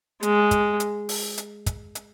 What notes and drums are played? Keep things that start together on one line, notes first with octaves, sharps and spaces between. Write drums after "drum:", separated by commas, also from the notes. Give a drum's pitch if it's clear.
G#3, drum: hi-hat
drum: kick, hi-hat
drum: hi-hat
drum: open hi-hat
drum: hi-hat
drum: kick, hi-hat
drum: hi-hat